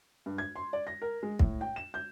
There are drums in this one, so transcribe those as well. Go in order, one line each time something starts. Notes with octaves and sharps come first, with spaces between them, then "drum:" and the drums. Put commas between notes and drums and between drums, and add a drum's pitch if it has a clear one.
G2
G#6
C6
D5
A#6
A#4
G#3
A2, drum: kick
G5
E7
G6